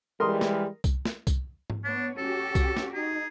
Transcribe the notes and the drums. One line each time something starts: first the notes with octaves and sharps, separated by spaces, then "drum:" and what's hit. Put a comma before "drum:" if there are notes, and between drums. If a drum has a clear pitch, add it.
E3 G3 G#3 A#4 C6 D#6
drum: snare
drum: kick C2, tambourine
drum: snare
drum: kick C2, tambourine
drum: tom G#2
B3 D4 C#5
C#4 F#4 G4 A4
drum: kick C2, tambourine
drum: snare
D#4 G#4